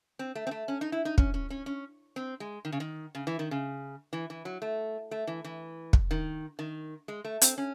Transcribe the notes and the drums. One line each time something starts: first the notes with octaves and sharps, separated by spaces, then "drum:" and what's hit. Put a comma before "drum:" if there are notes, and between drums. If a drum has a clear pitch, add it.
C4
A3
C4
A3
C#4
D#4
E4
D#4
C#4, drum: kick
C#4
C#4
C#4
C4
G#3
D#3
C#3
D#3
C#3
E3
D#3
C#3
E3
E3
F#3
A3
A3
E3
E3
drum: kick
D#3
D#3
G#3
A3
C4, drum: hi-hat
C#4